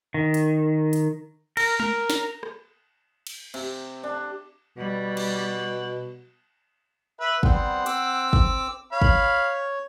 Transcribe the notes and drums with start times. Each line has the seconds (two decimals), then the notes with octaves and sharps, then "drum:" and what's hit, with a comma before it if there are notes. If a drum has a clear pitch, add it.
0.14 D#3
0.34 drum: hi-hat
0.93 drum: hi-hat
1.57 A#4, drum: cymbal
1.80 A#4, drum: tom G#3
2.10 drum: snare
2.43 drum: rim click
3.27 drum: cymbal
3.54 C3, drum: cymbal
4.03 D4
4.78 B2 G3
5.17 drum: cymbal
7.20 B4 E5
7.43 G3 B3 C4 C5 F#5, drum: kick
7.86 C4 D6 E6, drum: hi-hat
8.33 drum: kick
8.92 C#5 F5 B5
9.02 drum: kick